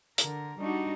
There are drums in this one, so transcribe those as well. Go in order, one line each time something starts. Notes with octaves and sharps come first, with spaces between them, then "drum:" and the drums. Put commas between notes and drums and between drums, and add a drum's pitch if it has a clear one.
D3 A#4, drum: hi-hat
G3 D4 D#4 F#4